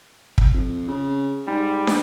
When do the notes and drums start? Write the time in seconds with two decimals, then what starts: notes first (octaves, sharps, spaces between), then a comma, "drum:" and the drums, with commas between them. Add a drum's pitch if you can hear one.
0.38 drum: kick
0.54 F2
0.88 C#3
1.47 G#2 G3
1.87 drum: snare